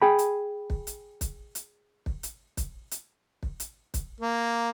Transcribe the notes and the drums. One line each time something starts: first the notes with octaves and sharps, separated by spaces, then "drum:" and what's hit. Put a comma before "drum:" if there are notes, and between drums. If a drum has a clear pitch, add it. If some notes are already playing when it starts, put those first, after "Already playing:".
G#4 G5 B5
drum: hi-hat
drum: kick
drum: hi-hat
drum: kick, hi-hat
drum: hi-hat
drum: kick
drum: hi-hat
drum: kick, hi-hat
drum: hi-hat
drum: kick
drum: hi-hat
drum: kick, hi-hat
A#3